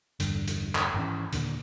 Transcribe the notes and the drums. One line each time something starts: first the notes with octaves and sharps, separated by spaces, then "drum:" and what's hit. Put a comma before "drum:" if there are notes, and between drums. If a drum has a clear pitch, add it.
A1 E2 G2 D3, drum: hi-hat
drum: hi-hat
drum: clap
G#1 E3 C#4
D#2 A#2 D3, drum: hi-hat